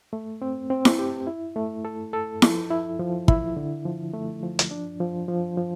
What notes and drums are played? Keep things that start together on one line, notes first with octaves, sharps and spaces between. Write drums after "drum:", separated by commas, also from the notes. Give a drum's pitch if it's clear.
A3
C4
C4
drum: snare E4
G4
E4
A3
A4
A4
F3, drum: snare E4
E4
F3
E4, drum: kick
D3
F3
A3
F3
drum: hi-hat
D4
F3
F3
F3